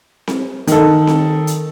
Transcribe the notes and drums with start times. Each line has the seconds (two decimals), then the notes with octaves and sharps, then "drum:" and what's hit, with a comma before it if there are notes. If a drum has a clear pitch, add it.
0.27 drum: snare C4
0.67 D#3 A4, drum: hi-hat
1.07 drum: snare C4
1.47 drum: hi-hat